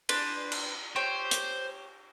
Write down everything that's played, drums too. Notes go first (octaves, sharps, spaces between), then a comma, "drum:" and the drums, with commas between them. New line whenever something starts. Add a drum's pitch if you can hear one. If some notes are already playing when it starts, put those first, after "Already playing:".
D4 B4 C5, drum: cymbal
drum: cymbal
G4 C5 C#5
drum: hi-hat